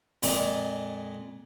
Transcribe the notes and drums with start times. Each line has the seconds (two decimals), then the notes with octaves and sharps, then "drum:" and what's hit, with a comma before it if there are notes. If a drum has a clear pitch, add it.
0.23 F2 A#2 G#3, drum: open hi-hat